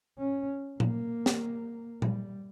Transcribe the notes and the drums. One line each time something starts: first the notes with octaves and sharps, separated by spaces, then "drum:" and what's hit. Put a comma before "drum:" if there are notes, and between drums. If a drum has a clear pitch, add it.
C#4
A#3, drum: tom A#2
drum: snare
G3, drum: tom A#2